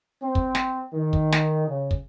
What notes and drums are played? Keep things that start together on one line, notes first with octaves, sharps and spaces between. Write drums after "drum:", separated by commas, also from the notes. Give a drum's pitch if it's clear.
C4
drum: kick
drum: snare
D#3
drum: kick
drum: snare
C#3
drum: kick